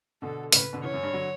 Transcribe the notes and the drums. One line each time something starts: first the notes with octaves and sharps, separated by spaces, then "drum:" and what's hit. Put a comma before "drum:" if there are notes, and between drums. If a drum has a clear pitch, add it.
B2 D3 A4
A2 C#3 B4, drum: open hi-hat
B2 D3
C#3 E3 C#5
F#2
G2
D3 F#3